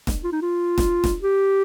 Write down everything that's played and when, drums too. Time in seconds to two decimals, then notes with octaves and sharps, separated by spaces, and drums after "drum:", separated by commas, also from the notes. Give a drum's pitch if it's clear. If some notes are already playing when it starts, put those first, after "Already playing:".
0.07 drum: snare E1
0.24 F4
0.32 D#4
0.42 F4
0.78 drum: snare E1
1.04 drum: snare E1
1.22 G4